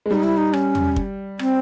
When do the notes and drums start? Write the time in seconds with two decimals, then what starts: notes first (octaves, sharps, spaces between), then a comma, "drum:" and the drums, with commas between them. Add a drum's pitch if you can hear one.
0.06 G#3
0.11 G3 D#4
0.23 E4
0.37 D#4
0.53 C#4, drum: rim click
0.75 drum: tom
0.96 drum: kick
1.39 C4, drum: rim click